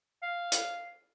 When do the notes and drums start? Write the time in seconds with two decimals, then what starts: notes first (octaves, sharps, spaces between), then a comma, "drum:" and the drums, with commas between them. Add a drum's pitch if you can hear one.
0.23 F5
0.52 drum: hi-hat